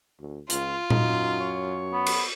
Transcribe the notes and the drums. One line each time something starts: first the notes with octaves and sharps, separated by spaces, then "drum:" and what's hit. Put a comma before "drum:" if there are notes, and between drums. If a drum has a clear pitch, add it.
D2
C#2 F4, drum: hi-hat
F#2 D#4, drum: tom A#2
C#5
B3
drum: cymbal